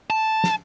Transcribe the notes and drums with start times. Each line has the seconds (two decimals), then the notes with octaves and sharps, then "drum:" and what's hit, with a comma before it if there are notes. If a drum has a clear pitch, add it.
0.10 A5
0.44 drum: snare